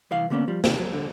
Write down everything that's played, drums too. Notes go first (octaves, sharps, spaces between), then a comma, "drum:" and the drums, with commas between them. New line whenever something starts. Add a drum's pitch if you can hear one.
C2 E3 F5
D3 G3 A#3 B3 C#4 D4
F3 G3
C3 D#3, drum: snare
F#3
D3